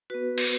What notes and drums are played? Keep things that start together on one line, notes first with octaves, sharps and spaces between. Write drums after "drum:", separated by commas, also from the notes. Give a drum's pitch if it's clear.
B3 F#4 B4
drum: cymbal